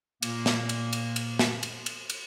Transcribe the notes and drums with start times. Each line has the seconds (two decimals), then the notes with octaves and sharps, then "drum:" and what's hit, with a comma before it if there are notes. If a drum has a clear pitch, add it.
0.23 A#2 A#3, drum: cymbal
0.46 drum: snare
0.69 drum: cymbal
0.93 drum: cymbal
1.16 drum: cymbal
1.39 drum: snare
1.63 drum: cymbal
1.86 drum: cymbal
2.10 drum: cymbal